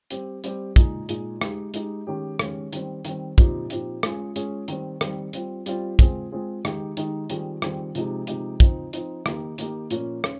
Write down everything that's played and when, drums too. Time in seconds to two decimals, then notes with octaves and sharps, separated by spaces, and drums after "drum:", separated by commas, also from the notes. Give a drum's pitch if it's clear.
0.11 G3 C4 G4, drum: hi-hat
0.44 G3 C4 G4, drum: hi-hat
0.76 A#2 G#3 D#4 G#4, drum: kick, hi-hat
1.09 A#2 G#3 D#4 G#4, drum: hi-hat
1.41 G#3 D#4 G4, drum: rim click
1.74 G#3 D#4 G4, drum: hi-hat
2.07 D#3 G#3 C#4 G4
2.39 D#3 G#3 C#4 G4, drum: rim click
2.73 D#3 G3 C4, drum: hi-hat
3.05 D#3 G3 C4, drum: hi-hat
3.38 A#2 F3 C4 D#4 G4, drum: kick, hi-hat
3.70 A#2 F3 C4 D#4 G4, drum: hi-hat
4.03 G#3 C#4 F4 G#4, drum: rim click
4.36 G#3 C#4 F4 G#4, drum: hi-hat
4.68 D#3 G3 C4, drum: hi-hat
5.01 D#3 G3 C4, drum: rim click
5.33 G3 C4 F4, drum: hi-hat
5.66 G3 C4 F4, drum: hi-hat
5.99 G#3 C4 F4 G#4, drum: kick, hi-hat
6.32 G#3 C4 F4 G#4
6.65 D#3 G#3 D#4 G4, drum: rim click
6.97 D#3 G#3 D#4 G4, drum: hi-hat
7.30 D#3 G3 C4 F4 G#4, drum: hi-hat
7.62 D#3 G3 C4 F4 G#4, drum: rim click
7.95 C3 F3 G#3 D#4 G4, drum: hi-hat
8.27 C3 F3 G#3 D#4 G4, drum: hi-hat
8.60 F3 C4 D#4, drum: kick, hi-hat
8.93 F3 C4 D#4, drum: hi-hat
9.26 D#3 A#3 D#4 G4, drum: rim click
9.58 D#3 A#3 D#4 G4, drum: hi-hat
9.90 A#2 F3 A#3 C#4, drum: hi-hat
10.24 C#4, drum: rim click